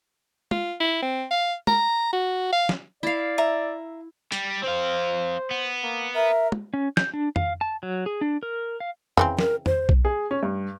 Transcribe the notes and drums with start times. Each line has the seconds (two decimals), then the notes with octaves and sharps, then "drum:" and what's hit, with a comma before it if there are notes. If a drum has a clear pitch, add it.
0.51 F4, drum: tom
0.80 E4
1.02 C4
1.31 F5
1.67 A#5, drum: tom
2.13 F#4
2.52 F5
2.69 drum: snare
3.03 E4 D5 F5
3.38 E5 A#5
4.32 G3, drum: hi-hat
4.64 C4 C5 F5
5.51 B3
5.83 A#3
6.15 A#4 E5
6.52 drum: tom
6.74 C#4
6.97 G6, drum: snare
7.14 D4
7.36 F5, drum: tom F2
7.61 A5
7.83 F#3
8.06 G#4
8.21 D4
8.43 A#4
8.80 F5
9.17 C#3 E3 C4, drum: tom F2
9.39 A#4, drum: snare
9.66 C5, drum: tom F2
9.89 drum: kick B1
10.05 G#4
10.31 C#4
10.43 G2